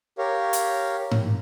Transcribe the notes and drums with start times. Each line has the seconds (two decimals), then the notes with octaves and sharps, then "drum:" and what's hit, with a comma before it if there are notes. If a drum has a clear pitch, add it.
0.18 G4 A#4 C#5 F5
0.53 drum: hi-hat
1.11 drum: tom G#2